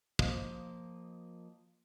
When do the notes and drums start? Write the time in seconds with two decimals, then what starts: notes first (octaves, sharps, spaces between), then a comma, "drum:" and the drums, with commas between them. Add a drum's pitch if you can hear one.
0.19 F3 A#3 D#5, drum: kick